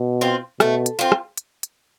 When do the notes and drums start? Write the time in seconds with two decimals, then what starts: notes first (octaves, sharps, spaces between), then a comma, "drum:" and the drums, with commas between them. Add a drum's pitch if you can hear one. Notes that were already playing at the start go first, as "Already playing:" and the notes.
Already playing: B2
0.21 C4 F4
0.60 B2 A3, drum: rim click
0.86 drum: hi-hat
0.99 C4 F4
1.12 drum: rim click
1.37 drum: hi-hat
1.63 drum: hi-hat